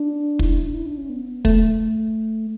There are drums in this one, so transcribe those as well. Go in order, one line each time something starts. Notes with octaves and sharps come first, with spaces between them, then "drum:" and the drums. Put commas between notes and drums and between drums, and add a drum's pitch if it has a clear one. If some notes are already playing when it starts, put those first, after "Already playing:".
Already playing: D4
E4, drum: kick
D4
E4
D4
C#4
B3
A3, drum: kick